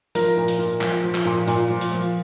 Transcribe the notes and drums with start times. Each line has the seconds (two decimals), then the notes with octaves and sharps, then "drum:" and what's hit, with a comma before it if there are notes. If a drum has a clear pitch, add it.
0.15 F3 A#4, drum: hi-hat
0.37 A#2
0.48 drum: hi-hat
0.59 A#2
0.81 F3, drum: clap
1.04 F3
1.15 drum: clap
1.25 A#2
1.47 A#2, drum: hi-hat
1.70 F3
1.81 drum: hi-hat
1.92 F3